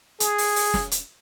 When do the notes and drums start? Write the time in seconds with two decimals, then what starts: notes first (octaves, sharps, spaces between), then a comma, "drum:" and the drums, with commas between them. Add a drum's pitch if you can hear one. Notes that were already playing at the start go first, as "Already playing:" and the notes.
0.20 G#4, drum: hi-hat
0.38 drum: open hi-hat
0.56 drum: open hi-hat
0.74 drum: snare
0.91 drum: hi-hat